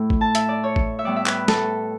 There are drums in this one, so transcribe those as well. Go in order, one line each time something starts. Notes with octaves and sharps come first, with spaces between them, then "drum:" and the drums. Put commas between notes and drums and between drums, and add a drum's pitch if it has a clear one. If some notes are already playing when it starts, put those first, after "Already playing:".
Already playing: A2 A3 E4
drum: kick A1
A5
E5, drum: hi-hat
D5
C#5
drum: kick A1
E5
A2 G3 B3 D5
E5
B4, drum: clap
A4, drum: snare